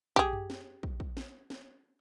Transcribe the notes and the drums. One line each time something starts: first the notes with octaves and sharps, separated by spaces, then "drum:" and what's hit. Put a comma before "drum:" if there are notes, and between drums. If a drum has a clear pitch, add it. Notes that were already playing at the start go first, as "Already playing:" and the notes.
G4 G#4, drum: kick
drum: tom F#2
drum: snare
drum: kick
drum: kick
drum: snare
drum: snare